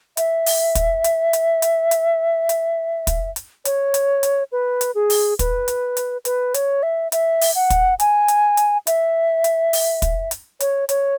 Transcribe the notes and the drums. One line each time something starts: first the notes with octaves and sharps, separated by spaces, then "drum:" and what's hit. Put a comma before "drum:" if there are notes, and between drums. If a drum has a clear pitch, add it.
E5, drum: hi-hat
drum: open hi-hat
drum: kick, hi-hat
drum: hi-hat
drum: hi-hat
drum: hi-hat
drum: hi-hat
drum: hi-hat
drum: kick, hi-hat
drum: hi-hat
C#5, drum: hi-hat
drum: hi-hat
drum: hi-hat
B4
drum: hi-hat
G#4
drum: open hi-hat
B4, drum: kick, hi-hat
drum: hi-hat
drum: hi-hat
B4, drum: hi-hat
C#5, drum: hi-hat
E5
E5, drum: hi-hat
drum: open hi-hat
F#5
drum: kick, hi-hat
G#5, drum: hi-hat
drum: hi-hat
drum: hi-hat
E5, drum: hi-hat
drum: hi-hat
drum: open hi-hat
drum: kick, hi-hat
drum: hi-hat
C#5, drum: hi-hat
C#5, drum: hi-hat